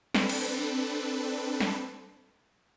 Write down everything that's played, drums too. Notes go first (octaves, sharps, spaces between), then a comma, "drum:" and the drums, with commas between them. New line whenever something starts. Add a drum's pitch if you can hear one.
C4 D4 A4 B4, drum: snare
drum: cymbal
drum: snare